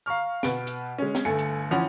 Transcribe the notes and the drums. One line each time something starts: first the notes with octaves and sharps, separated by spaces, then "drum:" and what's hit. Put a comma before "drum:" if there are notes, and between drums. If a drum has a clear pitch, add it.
F5 A#5 C#6 F6
B2 B4 D7, drum: snare
drum: hi-hat
G#3 C#4
drum: snare
G1 A3 G#5 C#7
drum: hi-hat
E3 F3 C#4 F#5 F7